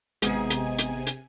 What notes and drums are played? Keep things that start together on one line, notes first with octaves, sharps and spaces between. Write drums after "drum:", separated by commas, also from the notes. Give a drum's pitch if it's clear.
G#1 C3 G#3 B3 D#4 G#4 G#5 D#6, drum: hi-hat
drum: hi-hat
drum: hi-hat
drum: hi-hat